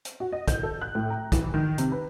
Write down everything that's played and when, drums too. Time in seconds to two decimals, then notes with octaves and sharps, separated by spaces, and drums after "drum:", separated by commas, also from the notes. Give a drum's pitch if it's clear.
0.05 drum: hi-hat
0.20 F#4
0.32 D#5
0.48 G6, drum: kick, hi-hat
0.63 A4
0.81 F#6
0.95 A2
1.10 A#5
1.32 E3, drum: kick, hi-hat
1.54 D#3
1.78 C3, drum: hi-hat
1.92 B4